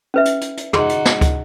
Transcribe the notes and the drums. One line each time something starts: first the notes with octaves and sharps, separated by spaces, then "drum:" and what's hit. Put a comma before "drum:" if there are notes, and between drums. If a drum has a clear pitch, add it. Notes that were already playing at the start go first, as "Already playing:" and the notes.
C#4 B4 E5
drum: hi-hat
drum: hi-hat
drum: hi-hat
D#4 F#4 G#4 C6, drum: tom
drum: hi-hat
drum: snare
drum: kick, hi-hat